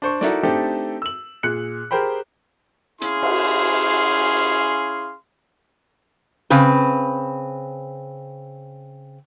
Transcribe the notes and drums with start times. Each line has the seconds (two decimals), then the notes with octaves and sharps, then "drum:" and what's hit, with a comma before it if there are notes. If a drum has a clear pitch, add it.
0.02 D4 C5 C#6
0.21 D#4 E4 F#4 A4 A#4 D5, drum: snare
0.43 A3 C4 D4 D#4 G4 A4
1.02 E6 F#7
1.43 A#2 G#4 F#6 C#7
1.91 G4 G#4 A#4 C5 G5 B5
3.01 C#4 E4 G#4 F5 C6, drum: hi-hat
3.23 drum: cymbal
6.50 C#3 C4 B4